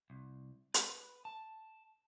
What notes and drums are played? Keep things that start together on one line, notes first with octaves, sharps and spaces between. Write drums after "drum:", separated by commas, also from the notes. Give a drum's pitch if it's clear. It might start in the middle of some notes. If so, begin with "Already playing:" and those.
C2
B4, drum: hi-hat
A5